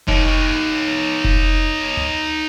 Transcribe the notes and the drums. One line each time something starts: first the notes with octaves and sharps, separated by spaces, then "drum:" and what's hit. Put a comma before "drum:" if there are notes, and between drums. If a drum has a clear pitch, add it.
D#4 C#5, drum: kick F1
drum: kick F1
drum: tom C#2